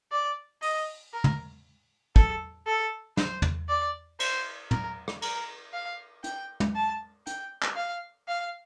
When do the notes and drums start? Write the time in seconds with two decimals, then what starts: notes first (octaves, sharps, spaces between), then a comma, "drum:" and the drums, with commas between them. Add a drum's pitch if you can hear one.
0.12 D5
0.62 D#5, drum: open hi-hat
1.13 A#4
1.24 drum: tom
2.16 A4, drum: kick
2.67 A4
3.17 C5, drum: snare
3.42 drum: tom
3.69 D5
4.20 C5, drum: cymbal
4.71 A#4, drum: tom
5.08 drum: rim click
5.22 A#4, drum: cymbal
5.73 F5
6.24 G5, drum: hi-hat
6.60 drum: tom
6.76 A5
7.27 G5, drum: hi-hat
7.62 drum: clap
7.77 F5
8.28 F5